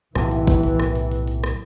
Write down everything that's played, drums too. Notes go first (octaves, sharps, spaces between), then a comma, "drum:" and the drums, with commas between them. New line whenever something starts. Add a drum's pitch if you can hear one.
B1 A2 C3 E3, drum: rim click
drum: hi-hat
drum: kick F#1, hi-hat
drum: hi-hat
drum: rim click
drum: hi-hat
drum: hi-hat
drum: hi-hat
drum: rim click